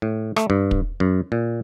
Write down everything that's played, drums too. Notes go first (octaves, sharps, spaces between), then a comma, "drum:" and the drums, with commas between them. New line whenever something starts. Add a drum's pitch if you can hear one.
A2
A3, drum: rim click
G2
drum: kick
F#2
A#2